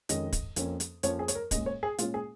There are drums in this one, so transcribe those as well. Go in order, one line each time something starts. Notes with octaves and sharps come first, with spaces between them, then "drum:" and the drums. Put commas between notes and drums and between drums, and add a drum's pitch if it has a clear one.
F2 D#3 G#3 C#4 D#5, drum: hi-hat
drum: kick, hi-hat
F2 F3 A#3 C#4, drum: hi-hat
drum: hi-hat
F2 F3 A#3 C#4 C#5, drum: hi-hat
G#4
C#5, drum: hi-hat
A#4
A#2 G#3 C#4 D#5, drum: kick, hi-hat
C#5
G#4
A#2 G#3 C#4 F4, drum: hi-hat
G#4